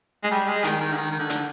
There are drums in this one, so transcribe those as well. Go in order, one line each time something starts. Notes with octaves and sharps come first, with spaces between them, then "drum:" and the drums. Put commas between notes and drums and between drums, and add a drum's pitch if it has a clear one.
G#3
G3
G#3
D#3, drum: hi-hat
D#3
D3
D#3
D#3
D3
drum: hi-hat